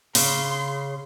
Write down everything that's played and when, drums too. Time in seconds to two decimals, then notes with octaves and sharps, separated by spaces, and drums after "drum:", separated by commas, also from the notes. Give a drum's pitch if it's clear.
0.15 C#3 C6, drum: open hi-hat